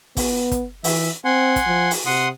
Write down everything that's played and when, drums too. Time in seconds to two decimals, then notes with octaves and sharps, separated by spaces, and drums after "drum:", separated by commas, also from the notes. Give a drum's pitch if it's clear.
0.17 B3, drum: kick, open hi-hat
0.51 drum: kick, hi-hat
0.84 E3 E5, drum: open hi-hat
1.25 C4 F#5 G#5 C6
1.56 drum: kick, hi-hat
1.66 F3
1.91 drum: open hi-hat
2.06 C3 F#5 C6 D#6